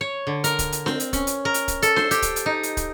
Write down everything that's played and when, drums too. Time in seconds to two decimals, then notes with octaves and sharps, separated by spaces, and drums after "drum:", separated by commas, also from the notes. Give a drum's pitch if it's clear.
0.01 C#5
0.27 D3
0.44 A#4, drum: hi-hat
0.59 drum: kick, hi-hat
0.72 drum: hi-hat
0.86 C4, drum: snare D4
1.00 drum: hi-hat
1.13 C#4, drum: kick, hi-hat
1.27 drum: hi-hat
1.45 A#4
1.54 drum: hi-hat
1.68 drum: kick, hi-hat
1.82 A4, drum: hi-hat
1.96 C5, drum: snare D4
2.11 G4, drum: hi-hat
2.22 drum: kick, hi-hat
2.36 drum: hi-hat
2.46 D#4
2.63 drum: hi-hat
2.77 drum: kick, hi-hat